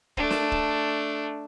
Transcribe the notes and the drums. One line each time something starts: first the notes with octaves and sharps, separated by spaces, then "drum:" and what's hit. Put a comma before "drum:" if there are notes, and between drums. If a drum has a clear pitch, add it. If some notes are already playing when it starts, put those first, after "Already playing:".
A3 D4, drum: kick
drum: snare
drum: kick